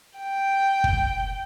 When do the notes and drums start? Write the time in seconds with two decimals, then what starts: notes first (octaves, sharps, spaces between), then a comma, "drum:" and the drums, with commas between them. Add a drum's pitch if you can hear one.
0.19 G5
0.84 drum: kick